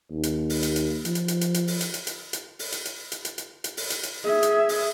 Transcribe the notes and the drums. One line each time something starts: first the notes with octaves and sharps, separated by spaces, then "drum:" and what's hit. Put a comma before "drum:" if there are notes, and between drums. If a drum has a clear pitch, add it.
D#2
drum: hi-hat
drum: open hi-hat
drum: hi-hat
drum: hi-hat
F3, drum: hi-hat
drum: hi-hat
drum: hi-hat
drum: hi-hat
drum: hi-hat
drum: open hi-hat
drum: hi-hat
drum: hi-hat
drum: hi-hat
drum: hi-hat
drum: open hi-hat
drum: hi-hat
drum: hi-hat
drum: hi-hat
drum: hi-hat
drum: hi-hat
drum: hi-hat
drum: open hi-hat
drum: hi-hat
drum: hi-hat
G#4 E5
drum: hi-hat
drum: open hi-hat